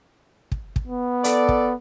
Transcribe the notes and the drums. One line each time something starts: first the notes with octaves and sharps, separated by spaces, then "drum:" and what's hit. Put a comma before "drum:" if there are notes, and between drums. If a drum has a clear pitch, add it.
drum: kick
drum: kick
B3
A4 D5, drum: hi-hat
drum: kick